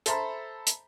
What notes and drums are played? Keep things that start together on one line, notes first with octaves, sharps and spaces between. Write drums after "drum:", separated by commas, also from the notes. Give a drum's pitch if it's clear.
A4 C5 E5 A#5 B5, drum: hi-hat
drum: hi-hat